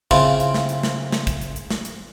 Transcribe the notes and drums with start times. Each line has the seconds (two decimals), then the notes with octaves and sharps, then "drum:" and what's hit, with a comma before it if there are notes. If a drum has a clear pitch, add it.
0.11 C#3 C4 E4 F4, drum: kick
0.40 drum: hi-hat
0.54 drum: snare
0.69 drum: hi-hat
0.83 drum: snare
1.12 drum: snare
1.27 drum: kick, hi-hat
1.41 drum: hi-hat
1.56 drum: hi-hat
1.70 drum: snare
1.85 drum: hi-hat